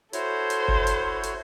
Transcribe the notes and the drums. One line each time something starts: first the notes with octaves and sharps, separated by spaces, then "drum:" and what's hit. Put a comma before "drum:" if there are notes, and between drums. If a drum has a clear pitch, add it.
E4 F#4 A4 C5 C#5, drum: hi-hat
drum: hi-hat
drum: kick F#1
drum: hi-hat
drum: hi-hat